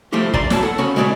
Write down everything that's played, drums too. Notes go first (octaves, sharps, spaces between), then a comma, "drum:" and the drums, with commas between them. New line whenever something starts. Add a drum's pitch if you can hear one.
F3 A3 E4 F4 G4
D5 A#5 C6, drum: kick
F#3 E4 A5, drum: snare
A4 F#5
C#3 C#4 F#4 B5
G#3 E4 F#4 C5 D5 E5